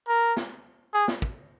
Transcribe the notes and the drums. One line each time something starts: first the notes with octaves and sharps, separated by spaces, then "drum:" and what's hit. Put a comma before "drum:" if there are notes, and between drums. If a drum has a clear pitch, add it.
A#4
drum: snare
G#4
drum: snare
drum: kick